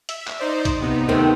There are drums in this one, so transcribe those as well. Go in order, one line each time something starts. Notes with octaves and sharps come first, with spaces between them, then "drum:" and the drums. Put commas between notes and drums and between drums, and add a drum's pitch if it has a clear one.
E5, drum: hi-hat
drum: clap
D#4 C5 D5
drum: kick B1, hi-hat
C3 B3 D#4
D#2 C3 D#3 A3 B3 C4